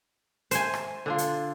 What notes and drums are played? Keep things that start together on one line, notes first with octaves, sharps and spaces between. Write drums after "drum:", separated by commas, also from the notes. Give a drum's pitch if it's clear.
C5 G#5, drum: hi-hat
drum: rim click
D3 D4 F4
drum: hi-hat